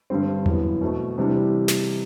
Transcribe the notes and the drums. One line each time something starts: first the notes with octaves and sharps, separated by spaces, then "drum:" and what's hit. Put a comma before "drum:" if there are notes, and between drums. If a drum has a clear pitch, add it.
G2 D3 G3 C4
F#2 E3 B3, drum: tom E2
B2 A3 C4
C3 E3 G3 D4 G4
drum: snare